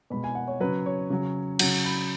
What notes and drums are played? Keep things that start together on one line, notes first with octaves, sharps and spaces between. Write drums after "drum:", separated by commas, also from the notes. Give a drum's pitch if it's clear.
B2 G#3 B5
G#5
F#5
C#5
C#3 F#3 B4
C#5
C#3 F#3
C#3 F#3 F#5, drum: cymbal
B5